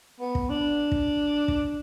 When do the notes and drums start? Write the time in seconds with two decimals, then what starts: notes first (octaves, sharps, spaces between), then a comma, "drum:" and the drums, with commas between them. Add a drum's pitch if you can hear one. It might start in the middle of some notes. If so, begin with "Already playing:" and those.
0.20 B3
0.35 drum: kick
0.50 D4
0.92 drum: kick
1.48 drum: kick